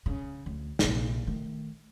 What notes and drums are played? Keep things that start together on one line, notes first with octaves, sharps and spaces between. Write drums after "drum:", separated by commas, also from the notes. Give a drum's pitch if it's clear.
C#3
D2
A#1 C3, drum: snare
D#3 A3